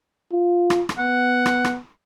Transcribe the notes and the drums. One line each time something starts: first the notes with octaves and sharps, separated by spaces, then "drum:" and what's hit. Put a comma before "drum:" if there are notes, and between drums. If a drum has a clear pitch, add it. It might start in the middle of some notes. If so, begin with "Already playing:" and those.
F4
drum: rim click
drum: rim click
B3 F#5
drum: rim click
drum: rim click